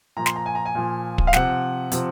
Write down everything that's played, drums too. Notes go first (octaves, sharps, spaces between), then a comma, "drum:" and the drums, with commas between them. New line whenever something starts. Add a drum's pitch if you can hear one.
A#2 F3 A#5
C6, drum: snare
A#5
G#5
A#5
G#5
A#2 F3
drum: kick
F5
C3 F3 F#5, drum: snare
C3 F3, drum: hi-hat